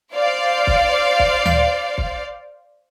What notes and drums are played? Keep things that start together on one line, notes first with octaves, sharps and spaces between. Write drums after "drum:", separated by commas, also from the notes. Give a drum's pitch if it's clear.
C5 D5 F5
drum: kick
drum: kick
drum: tom D2
drum: kick